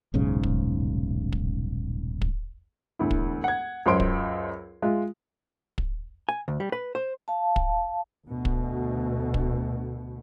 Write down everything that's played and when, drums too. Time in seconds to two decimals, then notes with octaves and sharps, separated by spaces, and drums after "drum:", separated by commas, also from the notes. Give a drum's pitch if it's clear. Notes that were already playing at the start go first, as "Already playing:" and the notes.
0.14 D#1 B1 G#2 C#3
0.43 drum: kick
1.32 drum: kick
2.22 drum: kick
2.99 E1 D2 E4
3.11 drum: kick
3.44 F#5 G#6
3.86 C#2 F#2 C5 C6 D7
4.00 drum: kick
4.82 G#3 F4 E5
5.78 drum: kick
6.29 G#5
6.48 D2
6.60 G3
6.72 B4
6.95 C5
7.28 F5 A5
7.56 drum: kick
8.27 D2 B2
8.45 drum: kick
9.34 drum: kick